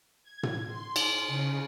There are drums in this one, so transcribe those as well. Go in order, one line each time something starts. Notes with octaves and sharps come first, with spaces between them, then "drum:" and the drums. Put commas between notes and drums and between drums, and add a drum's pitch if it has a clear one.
G#6
drum: tom
C6
drum: cymbal
C#3